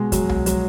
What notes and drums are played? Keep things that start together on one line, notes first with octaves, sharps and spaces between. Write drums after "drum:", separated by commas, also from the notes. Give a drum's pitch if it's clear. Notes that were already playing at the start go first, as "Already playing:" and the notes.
Already playing: B2 G#3
F#3, drum: kick, hi-hat
drum: tom C2
F#3, drum: hi-hat